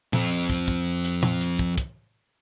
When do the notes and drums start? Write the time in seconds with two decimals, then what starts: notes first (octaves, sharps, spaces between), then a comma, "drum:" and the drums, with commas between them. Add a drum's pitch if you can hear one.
0.13 F2 C4, drum: tom A#2
0.31 drum: hi-hat
0.50 drum: kick
0.68 drum: kick
1.04 drum: hi-hat
1.23 drum: tom A#2
1.41 drum: hi-hat
1.59 drum: kick
1.78 drum: kick, hi-hat